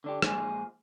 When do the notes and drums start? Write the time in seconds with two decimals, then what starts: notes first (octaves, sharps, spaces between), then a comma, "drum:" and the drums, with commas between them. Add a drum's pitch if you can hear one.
0.04 D3 D4 G4
0.22 A#2 F3 G#3 G#4, drum: rim click